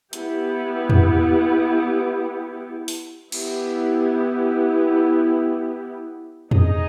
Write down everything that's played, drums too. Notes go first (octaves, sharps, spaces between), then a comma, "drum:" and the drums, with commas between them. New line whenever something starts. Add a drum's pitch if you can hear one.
B3 E4 G4, drum: hi-hat
drum: tom E2
drum: open hi-hat
B3 E4 G4, drum: cymbal
D#4 G#4 D#5, drum: tom E2